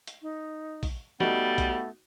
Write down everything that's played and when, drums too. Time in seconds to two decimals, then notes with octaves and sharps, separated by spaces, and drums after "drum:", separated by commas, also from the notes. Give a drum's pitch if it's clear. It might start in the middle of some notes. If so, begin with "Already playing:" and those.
0.07 drum: hi-hat
0.22 D#4
0.83 drum: kick, open hi-hat
1.20 G3 A3 B3 D#4 F#4, drum: snare
1.58 drum: kick, hi-hat